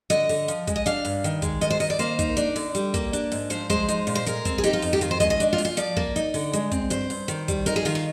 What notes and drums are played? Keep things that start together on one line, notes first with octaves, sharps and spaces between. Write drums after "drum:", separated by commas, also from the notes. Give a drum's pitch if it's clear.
D3 D#5, drum: hi-hat
D3, drum: open hi-hat
F3, drum: hi-hat
G#3, drum: kick, hi-hat
D#5
D4 F5, drum: hi-hat
G2, drum: open hi-hat
D#3, drum: hi-hat
G#3, drum: kick, hi-hat
D#3 D#5, drum: hi-hat
C5
D#3 D#5, drum: open hi-hat
D5
A#3 C5, drum: hi-hat
D#4, drum: kick, hi-hat
D4 D5, drum: hi-hat
D3, drum: open hi-hat
G3, drum: hi-hat
A#3, drum: kick, hi-hat
D4, drum: hi-hat
G#2, drum: open hi-hat
F3 C5, drum: hi-hat
G#3 C5, drum: kick, hi-hat
D#4, drum: hi-hat
A#2, drum: open hi-hat
C5
G#3 A#4, drum: hi-hat
C4, drum: kick, hi-hat
G#4
D#4 G4, drum: hi-hat
F4
F2, drum: open hi-hat
G4
D#3 F4, drum: hi-hat
C5
G#3 D#5, drum: kick, hi-hat
D#5
D4, drum: hi-hat
F4
A#2, drum: open hi-hat
F4
F3 D5, drum: hi-hat
A#3, drum: kick
D#4, drum: hi-hat
D3, drum: open hi-hat
G#3, drum: hi-hat
C4, drum: kick, hi-hat
G2 C5, drum: hi-hat
G2, drum: open hi-hat
D#3, drum: hi-hat
G3, drum: kick, hi-hat
D#4 A#4, drum: hi-hat
G#4
D#3 F4, drum: open hi-hat
F4